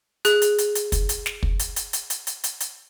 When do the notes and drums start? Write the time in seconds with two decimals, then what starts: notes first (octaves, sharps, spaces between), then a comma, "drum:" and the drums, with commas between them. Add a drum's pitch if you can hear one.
0.25 G#4 F#6, drum: hi-hat
0.42 drum: hi-hat
0.58 drum: hi-hat
0.75 drum: hi-hat
0.92 drum: kick, hi-hat
1.09 drum: hi-hat
1.26 drum: snare
1.43 drum: kick
1.59 drum: hi-hat
1.76 drum: hi-hat
1.93 drum: hi-hat
2.10 drum: hi-hat
2.27 drum: hi-hat
2.44 drum: hi-hat
2.60 drum: hi-hat